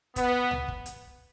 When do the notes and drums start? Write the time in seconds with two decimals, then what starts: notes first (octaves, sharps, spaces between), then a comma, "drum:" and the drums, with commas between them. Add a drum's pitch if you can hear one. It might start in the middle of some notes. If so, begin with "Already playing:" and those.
0.16 B3, drum: kick, hi-hat
0.51 drum: tom
0.68 drum: kick
0.86 drum: hi-hat